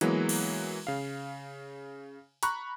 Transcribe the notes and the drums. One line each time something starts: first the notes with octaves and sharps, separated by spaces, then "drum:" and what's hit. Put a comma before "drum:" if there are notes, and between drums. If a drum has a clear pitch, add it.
E3 F#3 G#3 A#3 B3, drum: hi-hat
drum: cymbal
C#3 F5
A#5 B5 C#6 F#6, drum: hi-hat